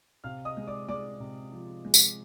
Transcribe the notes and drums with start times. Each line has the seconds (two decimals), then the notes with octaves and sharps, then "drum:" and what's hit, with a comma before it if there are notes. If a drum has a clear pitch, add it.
0.24 C3 F5 F6
0.45 D#5 D#6
0.57 G#3
0.67 D5 D6
0.88 G#3 D5 D6
1.20 C3
1.52 F3
1.85 G#3
1.94 drum: tambourine